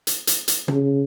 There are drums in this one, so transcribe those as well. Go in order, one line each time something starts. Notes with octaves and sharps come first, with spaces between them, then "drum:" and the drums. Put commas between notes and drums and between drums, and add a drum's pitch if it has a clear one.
drum: hi-hat
drum: hi-hat
drum: hi-hat
C#3, drum: tom